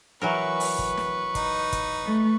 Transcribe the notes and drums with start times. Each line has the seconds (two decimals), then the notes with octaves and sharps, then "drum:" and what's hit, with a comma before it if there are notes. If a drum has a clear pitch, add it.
0.21 E3 F#3 A#4 B4 C#6
0.60 drum: open hi-hat
0.79 drum: kick
0.97 drum: snare
1.35 D#4, drum: kick, hi-hat
1.73 drum: kick, hi-hat
2.05 A3